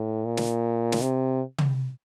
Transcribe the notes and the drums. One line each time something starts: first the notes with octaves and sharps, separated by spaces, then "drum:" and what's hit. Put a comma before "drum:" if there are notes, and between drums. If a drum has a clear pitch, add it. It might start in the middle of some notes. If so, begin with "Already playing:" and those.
Already playing: A2
A#2
drum: snare
drum: snare
C3
drum: tom